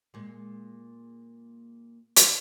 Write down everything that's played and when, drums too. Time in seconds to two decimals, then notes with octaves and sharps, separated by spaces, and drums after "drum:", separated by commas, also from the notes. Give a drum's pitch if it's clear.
0.14 A#2 G#3
2.16 drum: hi-hat